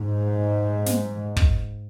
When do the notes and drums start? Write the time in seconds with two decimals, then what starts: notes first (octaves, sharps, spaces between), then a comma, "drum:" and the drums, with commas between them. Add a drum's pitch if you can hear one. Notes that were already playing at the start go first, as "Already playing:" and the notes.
Already playing: G#2
0.86 drum: snare
1.37 drum: kick